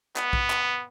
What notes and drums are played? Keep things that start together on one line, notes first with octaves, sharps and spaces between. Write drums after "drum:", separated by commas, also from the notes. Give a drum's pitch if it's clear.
B3, drum: clap
drum: kick
drum: clap